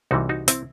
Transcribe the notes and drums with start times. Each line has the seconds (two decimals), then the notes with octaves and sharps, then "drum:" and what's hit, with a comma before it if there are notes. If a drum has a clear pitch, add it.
0.11 C2 C3 E3 G3 D#4 F#4
0.29 D#4 F#4
0.48 C4 E4, drum: hi-hat